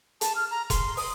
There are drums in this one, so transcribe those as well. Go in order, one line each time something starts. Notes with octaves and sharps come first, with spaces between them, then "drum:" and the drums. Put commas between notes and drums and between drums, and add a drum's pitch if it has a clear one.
A5, drum: hi-hat
F6
A#5
C6, drum: kick E1, hi-hat
D#6, drum: open hi-hat